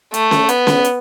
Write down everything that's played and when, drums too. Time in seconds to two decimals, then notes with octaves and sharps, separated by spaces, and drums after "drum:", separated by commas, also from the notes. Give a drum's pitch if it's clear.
0.14 A3, drum: hi-hat
0.31 drum: snare C#4
0.49 B3, drum: hi-hat
0.67 drum: snare C#4
0.85 drum: hi-hat